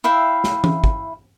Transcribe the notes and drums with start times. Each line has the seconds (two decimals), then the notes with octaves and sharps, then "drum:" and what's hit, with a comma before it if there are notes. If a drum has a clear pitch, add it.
0.04 E4 E5 F5 G5
0.44 drum: snare
0.64 drum: tom E3
0.84 drum: kick